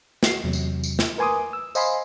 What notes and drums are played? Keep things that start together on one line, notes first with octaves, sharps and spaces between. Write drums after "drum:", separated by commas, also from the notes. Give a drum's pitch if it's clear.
F#4 C7, drum: snare
E2 C3 F#3
drum: tambourine
drum: tambourine
drum: snare
A#4 B4 G#5 C6 D6 D#6
E6
C5 D#5 F5 G#5 B5 C6, drum: tambourine